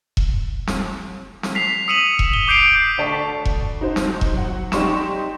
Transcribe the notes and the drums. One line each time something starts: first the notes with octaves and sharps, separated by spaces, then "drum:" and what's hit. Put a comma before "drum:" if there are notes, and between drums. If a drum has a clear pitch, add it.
drum: kick E1
drum: snare
drum: snare
B6 C7 F7
D#6 E6 C#7 D#7 E7 F#7
drum: kick E1
G7
D6 G6 C7 D7 F7
D2 D5 A5 C#6 B6
drum: kick E1
D#4 F#4 C5
drum: snare
drum: kick E1
F#3 F#5
D#4 G4 D5 C6 C#6 E7, drum: snare